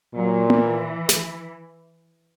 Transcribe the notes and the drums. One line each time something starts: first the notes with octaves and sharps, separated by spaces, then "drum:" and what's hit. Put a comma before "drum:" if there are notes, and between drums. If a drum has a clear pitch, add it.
A#2 F#3
E3, drum: tom A#3
drum: snare